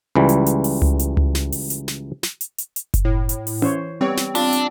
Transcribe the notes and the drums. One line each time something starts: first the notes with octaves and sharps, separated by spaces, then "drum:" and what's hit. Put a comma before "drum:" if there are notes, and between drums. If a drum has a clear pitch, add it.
C#2 E3 G3
drum: hi-hat
drum: hi-hat
drum: open hi-hat
drum: tom C#2
drum: hi-hat
drum: tom C#2
drum: snare
drum: open hi-hat
drum: hi-hat
drum: snare
drum: snare
drum: hi-hat
drum: hi-hat
drum: hi-hat
drum: kick F#1, hi-hat
A2
drum: hi-hat
drum: open hi-hat
E3 C5 C#5, drum: tom C#4
G3 B3 C4 C#5
drum: snare
D4 F4, drum: open hi-hat
drum: hi-hat